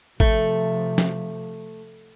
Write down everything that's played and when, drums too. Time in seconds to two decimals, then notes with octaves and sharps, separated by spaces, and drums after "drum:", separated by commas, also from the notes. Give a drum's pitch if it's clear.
0.20 C3 F3 A3, drum: kick G#1
0.98 drum: snare